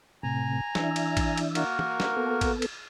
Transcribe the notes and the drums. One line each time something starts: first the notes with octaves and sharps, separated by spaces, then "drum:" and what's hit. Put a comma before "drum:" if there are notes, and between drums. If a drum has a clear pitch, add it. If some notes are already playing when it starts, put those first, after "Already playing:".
A2 C3 G#5 A#5
E3 D4 E5, drum: snare
drum: cymbal
drum: kick, cymbal
drum: cymbal
A#3 F#4 A#4, drum: cymbal
drum: tom
drum: snare
B3 A4
drum: kick, cymbal
drum: cymbal